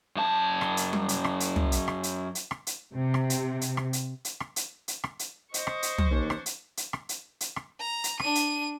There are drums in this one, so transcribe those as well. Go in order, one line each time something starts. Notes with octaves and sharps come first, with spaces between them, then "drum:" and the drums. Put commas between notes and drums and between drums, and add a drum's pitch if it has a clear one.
F#2 A5
drum: rim click
drum: hi-hat
drum: tom G3
drum: hi-hat
drum: rim click
drum: hi-hat
drum: tom
drum: hi-hat
drum: rim click
drum: hi-hat
drum: hi-hat
drum: rim click
drum: hi-hat
C3
drum: rim click
drum: hi-hat
drum: hi-hat
drum: rim click
drum: hi-hat
drum: hi-hat
drum: rim click
drum: hi-hat
drum: hi-hat
drum: rim click
drum: hi-hat
C5 D#5 C#6, drum: hi-hat
drum: rim click
drum: hi-hat
drum: tom
D#2 E3 C#4 D4
drum: rim click
drum: hi-hat
drum: hi-hat
drum: rim click
drum: hi-hat
drum: hi-hat
drum: rim click
A#5
drum: hi-hat
D4 D#7, drum: rim click
drum: hi-hat